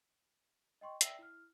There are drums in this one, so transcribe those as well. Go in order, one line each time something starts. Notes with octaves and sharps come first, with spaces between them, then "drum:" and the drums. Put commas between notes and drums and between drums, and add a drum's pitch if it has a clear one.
D#5 G5 C6 C#6
D5 E5 G5 E6 A#6, drum: hi-hat
E4 F6